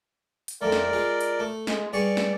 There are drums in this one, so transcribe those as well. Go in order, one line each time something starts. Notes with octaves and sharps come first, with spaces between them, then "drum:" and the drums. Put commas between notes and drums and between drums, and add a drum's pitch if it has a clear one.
drum: hi-hat
F2 A3 A#4 D5
drum: snare
G#3 F4
drum: hi-hat
A3
G#3, drum: snare
G2 G#4 D5 C#6
drum: snare